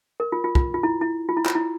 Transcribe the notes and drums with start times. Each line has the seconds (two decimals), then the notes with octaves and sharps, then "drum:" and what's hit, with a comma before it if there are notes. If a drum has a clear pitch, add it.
0.20 A#4
0.32 F4
0.44 F4
0.55 F4, drum: kick
0.74 F4
0.83 E4
1.01 E4
1.29 F4
1.37 E4
1.46 F4, drum: clap
1.55 E4